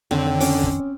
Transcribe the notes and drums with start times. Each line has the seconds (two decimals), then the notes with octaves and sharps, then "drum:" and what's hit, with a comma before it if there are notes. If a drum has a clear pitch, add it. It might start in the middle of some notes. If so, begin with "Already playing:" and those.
0.11 F2 D3 D#3 C4 C#5
0.40 C#4 D6, drum: open hi-hat
0.64 drum: kick